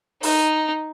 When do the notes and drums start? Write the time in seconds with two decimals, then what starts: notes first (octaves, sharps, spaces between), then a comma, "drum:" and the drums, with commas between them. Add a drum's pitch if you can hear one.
0.23 D#4, drum: open hi-hat